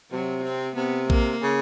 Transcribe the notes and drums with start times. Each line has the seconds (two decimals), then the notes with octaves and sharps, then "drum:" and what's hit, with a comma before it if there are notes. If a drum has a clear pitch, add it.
0.12 C3 F#3
0.44 C4
0.76 C3 B3
1.10 A#3, drum: kick A#1
1.42 C#3